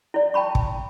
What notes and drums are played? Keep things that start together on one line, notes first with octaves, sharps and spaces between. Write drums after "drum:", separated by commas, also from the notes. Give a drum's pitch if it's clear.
E4 D5
G5 A5 B5 C#6
drum: kick